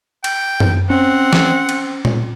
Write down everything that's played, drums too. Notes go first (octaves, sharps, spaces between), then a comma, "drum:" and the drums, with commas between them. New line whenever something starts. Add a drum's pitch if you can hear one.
G5, drum: cymbal
drum: tom F#2
C4 C#4 F#5
drum: snare
drum: cymbal
drum: tom A#2